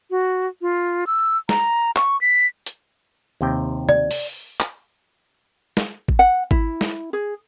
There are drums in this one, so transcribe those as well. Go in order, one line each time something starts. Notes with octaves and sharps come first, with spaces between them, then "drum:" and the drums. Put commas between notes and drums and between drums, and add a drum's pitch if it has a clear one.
F#4
F4
E6
A#5, drum: snare
C#6, drum: clap
B6
drum: hi-hat
D#2 C3 G5
D5, drum: tom C3
drum: open hi-hat
drum: clap
drum: snare
drum: kick G#1
F#5
E4, drum: kick G#1
drum: snare
G#4